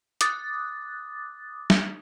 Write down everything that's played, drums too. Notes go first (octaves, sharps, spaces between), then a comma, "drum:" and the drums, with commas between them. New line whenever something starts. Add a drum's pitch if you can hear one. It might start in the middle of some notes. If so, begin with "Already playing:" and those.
D6 D#6 F#6 A6, drum: hi-hat
drum: snare